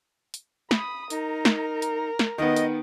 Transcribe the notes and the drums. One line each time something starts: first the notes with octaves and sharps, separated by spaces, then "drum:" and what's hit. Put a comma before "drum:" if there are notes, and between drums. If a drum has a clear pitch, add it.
drum: hi-hat
B5 D#6, drum: snare
D#4 A#4, drum: hi-hat
drum: snare
drum: hi-hat
drum: snare
D#3 B3 D#5
drum: hi-hat